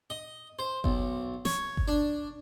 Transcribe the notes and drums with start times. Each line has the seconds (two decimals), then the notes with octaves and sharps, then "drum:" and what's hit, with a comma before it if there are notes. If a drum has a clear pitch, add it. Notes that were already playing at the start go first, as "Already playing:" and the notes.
0.10 D#5
0.59 C5
0.84 B1, drum: kick G1
1.45 C#5, drum: snare
1.77 drum: kick G1
1.88 D4